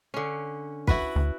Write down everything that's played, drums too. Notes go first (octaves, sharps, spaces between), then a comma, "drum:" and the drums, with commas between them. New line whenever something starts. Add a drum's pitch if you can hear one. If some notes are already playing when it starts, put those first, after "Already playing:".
D3 C#4
E4 F#4 B4, drum: kick
D2